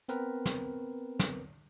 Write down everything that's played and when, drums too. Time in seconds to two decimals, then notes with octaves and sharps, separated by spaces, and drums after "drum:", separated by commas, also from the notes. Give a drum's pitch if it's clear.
0.08 B3 C4 A#4 B4, drum: hi-hat
0.45 drum: snare
1.19 drum: snare